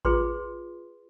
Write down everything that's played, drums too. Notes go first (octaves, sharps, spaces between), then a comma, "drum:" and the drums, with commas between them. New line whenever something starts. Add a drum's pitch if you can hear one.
F4 G#4 B4 C6, drum: kick A1